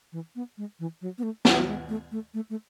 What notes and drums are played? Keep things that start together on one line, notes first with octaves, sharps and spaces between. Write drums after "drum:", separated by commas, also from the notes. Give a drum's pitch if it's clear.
E3
B3
G#3
E3
F#3
B3
A3
F#3, drum: snare
F#3
G#3
A3
A3
A3
A3